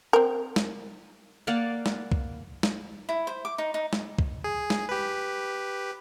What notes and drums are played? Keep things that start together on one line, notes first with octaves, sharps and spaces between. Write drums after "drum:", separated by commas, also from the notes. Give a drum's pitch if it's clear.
C4 A#4
drum: snare
A#3 D5 F5 F#5
drum: snare
drum: kick
drum: snare
E4
C5
D6
D#4
D#4
drum: snare
drum: kick
G#4
drum: snare
G4 B4